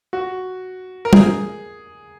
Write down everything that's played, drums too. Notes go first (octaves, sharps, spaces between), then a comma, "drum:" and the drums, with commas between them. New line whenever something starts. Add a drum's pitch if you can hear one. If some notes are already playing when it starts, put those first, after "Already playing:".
F#4
A#4
G#4, drum: tom